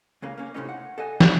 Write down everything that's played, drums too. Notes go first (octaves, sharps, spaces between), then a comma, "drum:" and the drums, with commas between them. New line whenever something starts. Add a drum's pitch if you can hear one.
C#2 C#3 A#3
A#3 C#4
A2 C3 D#3 A3 C#4 D#4
F#5
A4 D#5 F#5 G#5
E3 C#4 E4 F#4 C#5 D5, drum: snare